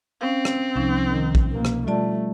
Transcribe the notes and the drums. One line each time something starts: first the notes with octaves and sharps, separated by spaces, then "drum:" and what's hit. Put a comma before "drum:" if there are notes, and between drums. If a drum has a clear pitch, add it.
C4 C#4 F5
drum: rim click
C2 F3 C#4 D#4
D#3
drum: kick A#1
B2 A#3
drum: rim click
G3 A3 F4 D5 A5